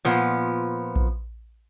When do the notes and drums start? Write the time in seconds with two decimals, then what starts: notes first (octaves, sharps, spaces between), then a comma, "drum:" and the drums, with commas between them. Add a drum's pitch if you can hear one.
0.05 A#2 F3 B3
0.96 drum: kick A#1